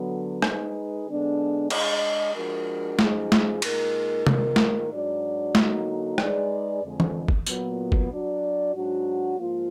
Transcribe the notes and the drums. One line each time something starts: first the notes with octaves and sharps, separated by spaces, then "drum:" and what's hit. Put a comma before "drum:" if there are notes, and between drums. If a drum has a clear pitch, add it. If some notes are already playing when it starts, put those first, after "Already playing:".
Already playing: D3 F#3 B3
G#3 D#4 G#4 B4, drum: rim click
D3 G#3 B3 D4
G#3 D4 G#4 D#5, drum: cymbal
F3 G#3 D4 F#4 A#4
F#2 F3 G#3 D#4 G#4, drum: snare A3
drum: snare A3
A#2 G#3 D#4 A#4, drum: cymbal
G#2 D#3 A#3 F4 A#4, drum: tom C3
drum: snare A3
G#2 F#3 D4 F#4 D5
D3 F#3 A#3 D#4 F#4, drum: snare A3
G#3 D#4 G#4 B4 D5, drum: rim click
F2 D3 G#3
drum: tom
drum: kick
A#2 F#3 B3, drum: tambourine
drum: kick
F#3 D4 F#4 D5
G#2 F#3 D4 F#4
G#2 F3 A#3 F4